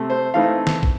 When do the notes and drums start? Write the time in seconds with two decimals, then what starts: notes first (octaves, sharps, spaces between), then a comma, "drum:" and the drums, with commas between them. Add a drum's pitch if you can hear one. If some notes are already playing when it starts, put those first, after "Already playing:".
Already playing: C3 A3
0.10 C5
0.34 E3 A3 C4 D#4 F5
0.67 drum: snare
0.83 drum: kick